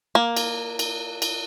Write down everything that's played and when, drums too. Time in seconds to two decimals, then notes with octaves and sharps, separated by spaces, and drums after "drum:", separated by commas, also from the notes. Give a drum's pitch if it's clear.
0.15 A#3
0.37 drum: cymbal
0.79 drum: cymbal
1.22 drum: cymbal